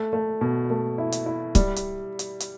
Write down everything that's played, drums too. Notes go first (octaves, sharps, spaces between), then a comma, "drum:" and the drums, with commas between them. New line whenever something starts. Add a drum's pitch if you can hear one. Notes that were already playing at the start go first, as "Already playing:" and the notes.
Already playing: A3
A3
B2
A3
E4
drum: hi-hat
E4
G3, drum: kick C#1, hi-hat
drum: hi-hat
drum: hi-hat
drum: hi-hat